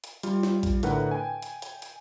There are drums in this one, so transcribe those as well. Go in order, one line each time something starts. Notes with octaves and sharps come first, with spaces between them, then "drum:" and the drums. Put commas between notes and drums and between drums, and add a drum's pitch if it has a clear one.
drum: hi-hat
G3 F4, drum: hi-hat
drum: snare
drum: kick A#1, hi-hat
A2 D3 A#4 B4 F#5, drum: hi-hat
G5 G#5
drum: hi-hat
drum: hi-hat
drum: hi-hat